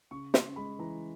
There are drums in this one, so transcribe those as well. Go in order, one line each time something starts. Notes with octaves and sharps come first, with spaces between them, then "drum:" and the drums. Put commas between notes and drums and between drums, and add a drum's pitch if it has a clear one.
C#3 C#6
C#3 C6, drum: snare
G#3 B5
E3 A#5